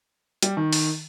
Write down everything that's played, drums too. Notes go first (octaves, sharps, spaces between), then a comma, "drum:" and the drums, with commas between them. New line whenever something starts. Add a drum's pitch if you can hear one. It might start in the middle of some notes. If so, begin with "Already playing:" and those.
G3, drum: hi-hat
D#3
drum: open hi-hat